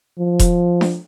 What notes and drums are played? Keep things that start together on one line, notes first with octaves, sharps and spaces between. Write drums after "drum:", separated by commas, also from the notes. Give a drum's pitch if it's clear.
F3
drum: kick E1, hi-hat
drum: snare D4